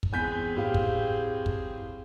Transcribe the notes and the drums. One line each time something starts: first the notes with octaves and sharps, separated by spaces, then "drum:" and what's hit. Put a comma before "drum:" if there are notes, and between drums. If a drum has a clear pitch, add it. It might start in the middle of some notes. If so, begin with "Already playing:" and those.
drum: kick
E2 C4 G#4 G#5 G6 B6
A2 G4 F5
drum: kick
drum: kick